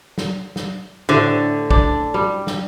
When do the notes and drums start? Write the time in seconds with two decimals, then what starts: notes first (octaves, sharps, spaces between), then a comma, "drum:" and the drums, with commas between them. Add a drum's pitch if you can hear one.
0.18 drum: snare
0.56 drum: snare
1.09 A2 D3 G4 C5
1.71 D4, drum: kick A1
2.14 G3
2.47 drum: snare